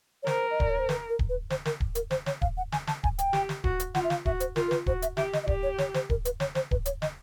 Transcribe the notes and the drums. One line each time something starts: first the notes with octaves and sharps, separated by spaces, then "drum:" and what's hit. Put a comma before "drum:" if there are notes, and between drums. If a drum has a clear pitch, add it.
C#5
A#4 C5, drum: snare
D#5
D5, drum: kick D1
C#5
C5
B4, drum: snare
A#4
drum: kick D1
B4
C5, drum: snare
A#4, drum: snare
drum: kick D1
A#4, drum: hi-hat
C5, drum: snare
C#5, drum: snare
F5, drum: kick D1
F#5
G#5, drum: snare
A5, drum: snare
G#5, drum: kick D1
G5, drum: hi-hat
G4, drum: snare
drum: snare
F#4, drum: kick D1
drum: hi-hat
F4 F#5, drum: snare
E5
F5, drum: snare
F#4 E5, drum: kick D1
C5, drum: hi-hat
F4 A#4, drum: snare
A#4
B4, drum: snare
F#4 C5, drum: kick D1
E5, drum: hi-hat
G4 E5, drum: snare
D#5, drum: snare
D#5
G4 D5, drum: kick D1
C#5
C#5, drum: snare
C5, drum: snare
A#4, drum: kick D1
B4, drum: hi-hat
C#5, drum: snare
C5, drum: snare
B4, drum: kick D1
C#5, drum: hi-hat
D#5, drum: snare